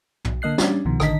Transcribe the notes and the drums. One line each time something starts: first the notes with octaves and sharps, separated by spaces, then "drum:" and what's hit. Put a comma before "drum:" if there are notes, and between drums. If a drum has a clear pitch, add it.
B1, drum: tom
D3 A#3 D#5 F#6 C7
G3 C#4 D4, drum: snare
C2 B2 D#3 F3
A1 D3 D#3 D#5 B6, drum: rim click